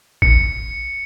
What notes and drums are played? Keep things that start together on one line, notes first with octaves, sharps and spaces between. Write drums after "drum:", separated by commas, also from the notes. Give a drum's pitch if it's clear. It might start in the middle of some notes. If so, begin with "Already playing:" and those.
C#7, drum: kick